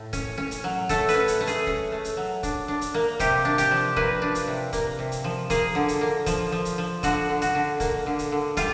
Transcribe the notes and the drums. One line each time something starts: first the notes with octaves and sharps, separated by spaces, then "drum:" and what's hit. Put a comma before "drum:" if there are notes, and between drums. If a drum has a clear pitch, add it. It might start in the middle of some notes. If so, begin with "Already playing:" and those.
Already playing: A2 A3
C#4, drum: kick, hi-hat
C#4
drum: hi-hat
F#3
A3 A4, drum: kick, hi-hat
B4, drum: hi-hat
C#4
drum: hi-hat
A3
G#4, drum: hi-hat
C#4, drum: kick
A3
drum: hi-hat
F#3
D4, drum: kick, hi-hat
D4
drum: hi-hat
A#3
C3 G4, drum: kick, hi-hat
D4
G4, drum: hi-hat
F3
A#3 B4, drum: kick
D4
drum: hi-hat
C3
A#3, drum: kick, hi-hat
C3
drum: hi-hat
F3
A#3 G#4, drum: kick, hi-hat
D3
drum: hi-hat
A#3
F3, drum: kick, hi-hat
F3
drum: hi-hat
F3
D3 F#4, drum: kick, hi-hat
D3
F#4, drum: hi-hat
D3
A#3, drum: kick, hi-hat
D3
drum: hi-hat
D3
G3 F4, drum: kick, hi-hat